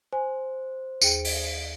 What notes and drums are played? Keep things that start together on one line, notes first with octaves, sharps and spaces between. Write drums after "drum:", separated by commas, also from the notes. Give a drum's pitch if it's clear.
C5 G#5
D#2 G#4 G5, drum: tambourine
drum: open hi-hat